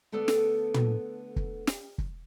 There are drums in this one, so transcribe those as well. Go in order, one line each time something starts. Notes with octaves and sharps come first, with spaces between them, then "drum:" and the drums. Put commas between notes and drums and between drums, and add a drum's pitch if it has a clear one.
D3 A3 B3 A4 D5
drum: snare
drum: tom
drum: kick
drum: snare
drum: kick